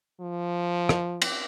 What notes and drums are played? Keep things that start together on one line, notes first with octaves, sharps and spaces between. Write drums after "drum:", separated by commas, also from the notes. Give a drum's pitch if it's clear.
F3
drum: rim click
drum: cymbal